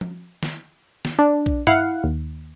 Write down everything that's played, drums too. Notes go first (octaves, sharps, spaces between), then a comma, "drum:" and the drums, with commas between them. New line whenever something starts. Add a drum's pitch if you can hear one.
drum: tom F3
drum: snare
drum: snare
D4
drum: kick A#1
E4 F5 F#5, drum: tom G2
D#2